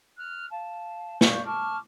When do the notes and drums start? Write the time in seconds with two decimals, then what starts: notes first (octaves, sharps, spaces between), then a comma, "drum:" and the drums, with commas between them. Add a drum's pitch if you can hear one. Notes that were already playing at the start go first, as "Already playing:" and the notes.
0.17 F6 F#6
0.51 F5 A5
1.21 D5 F5 C#6 G6, drum: snare
1.44 A5 C#6 D6 F6